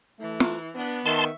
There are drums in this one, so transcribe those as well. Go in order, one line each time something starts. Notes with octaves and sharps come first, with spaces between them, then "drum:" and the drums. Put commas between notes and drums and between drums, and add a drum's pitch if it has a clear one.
E3 A3
drum: snare
B3 D4 F#6
D#3 E5 A5 C6 C#6